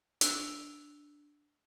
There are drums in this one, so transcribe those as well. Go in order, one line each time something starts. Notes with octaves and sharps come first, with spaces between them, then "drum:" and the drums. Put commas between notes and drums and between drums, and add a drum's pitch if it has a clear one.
D4 E6 F#6 D7 F7 G7, drum: hi-hat